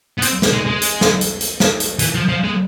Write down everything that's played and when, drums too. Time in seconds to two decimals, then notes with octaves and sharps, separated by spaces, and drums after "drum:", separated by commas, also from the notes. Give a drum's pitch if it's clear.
0.18 B3
0.22 C4, drum: hi-hat
0.42 drum: snare
0.53 G#3
0.66 G#3
0.82 drum: hi-hat
1.01 drum: snare
1.21 drum: hi-hat
1.41 drum: hi-hat
1.60 drum: snare
1.80 drum: hi-hat
1.99 E3, drum: hi-hat
2.15 F3
2.29 F3
2.44 G#3